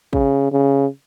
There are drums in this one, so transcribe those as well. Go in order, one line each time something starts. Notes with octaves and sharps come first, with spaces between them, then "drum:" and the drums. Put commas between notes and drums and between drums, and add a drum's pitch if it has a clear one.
C#3, drum: kick
C#3